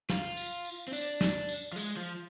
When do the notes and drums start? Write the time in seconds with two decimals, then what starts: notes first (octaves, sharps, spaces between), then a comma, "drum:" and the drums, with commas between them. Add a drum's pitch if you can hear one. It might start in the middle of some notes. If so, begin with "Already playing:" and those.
0.10 F4, drum: snare
0.37 drum: tambourine
0.65 drum: tambourine
0.88 C4
0.93 D4, drum: tambourine
1.21 drum: snare
1.49 drum: tambourine
1.73 F3
1.76 G#3, drum: tambourine
1.97 F3